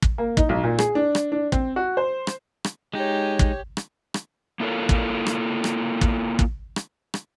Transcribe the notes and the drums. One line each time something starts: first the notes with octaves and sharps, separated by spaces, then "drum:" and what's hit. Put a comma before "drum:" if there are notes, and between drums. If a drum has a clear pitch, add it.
drum: kick
A#3
D#4, drum: kick
B1
A#2
G#4, drum: rim click
D4
drum: rim click
D4
C4, drum: kick
F#4
C5
drum: rim click
drum: rim click
G#3 D#4 G4 C#5
drum: kick
drum: rim click
drum: rim click
A#3 E4 F4 A4 A#4 C#5
drum: kick
drum: rim click
drum: rim click
drum: kick
drum: kick
drum: rim click
drum: rim click